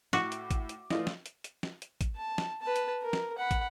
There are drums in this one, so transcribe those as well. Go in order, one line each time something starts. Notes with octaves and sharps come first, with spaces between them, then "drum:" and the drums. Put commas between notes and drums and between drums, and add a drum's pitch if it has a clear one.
A2 F#4 D6, drum: snare
drum: hi-hat
drum: kick, hi-hat
drum: hi-hat
E3 A3 F4 D5 D#5, drum: snare
drum: snare
drum: hi-hat
drum: hi-hat
drum: snare
drum: hi-hat
drum: kick, hi-hat
A5
drum: snare
B4 A5
drum: hi-hat
A#4
drum: snare
F#5 B5
drum: kick, hi-hat